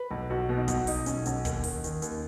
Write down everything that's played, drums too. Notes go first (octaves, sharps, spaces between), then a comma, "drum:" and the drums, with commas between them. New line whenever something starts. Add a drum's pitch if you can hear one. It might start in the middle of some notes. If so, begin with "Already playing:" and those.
Already playing: B4
B1
B1 F#4
B2
D#4
B1 F#4, drum: kick, hi-hat
B2 D#4, drum: open hi-hat
B1 C#4, drum: hi-hat
B1 C#4, drum: hi-hat
D#2, drum: kick, hi-hat
D#3, drum: open hi-hat
D#3, drum: hi-hat
D#2, drum: hi-hat